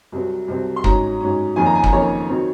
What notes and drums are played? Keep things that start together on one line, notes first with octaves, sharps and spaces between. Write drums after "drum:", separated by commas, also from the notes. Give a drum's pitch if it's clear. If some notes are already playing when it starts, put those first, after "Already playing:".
C2 C3 F#3 C4
C2 C3 F#3 C4
C6
G#2 F#3 C#4 A#5, drum: kick
G#2 F#3 C#4
F2 D#3 A#3 C#4 G#5
A#5
G#5
A#5, drum: kick
F2 D#3 A#3 C#4 C#5
D#3 F#3 C4